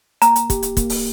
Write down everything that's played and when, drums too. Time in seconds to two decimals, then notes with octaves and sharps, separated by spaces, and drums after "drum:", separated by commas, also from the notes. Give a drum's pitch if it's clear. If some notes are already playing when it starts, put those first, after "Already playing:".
0.22 A#3 A#5, drum: hi-hat
0.36 drum: hi-hat
0.50 G4, drum: kick, hi-hat
0.63 drum: hi-hat
0.77 A#3, drum: kick, hi-hat
0.90 drum: open hi-hat